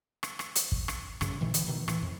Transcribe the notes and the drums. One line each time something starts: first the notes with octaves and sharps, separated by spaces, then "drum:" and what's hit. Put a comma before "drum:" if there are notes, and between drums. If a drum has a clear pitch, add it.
drum: rim click
drum: rim click
drum: hi-hat
drum: kick
drum: rim click
A1 F#2 C#3, drum: rim click
A#2 D#3 E3 A3
D3 E3, drum: hi-hat
B2 D#3 E3
A2 E3, drum: rim click
F2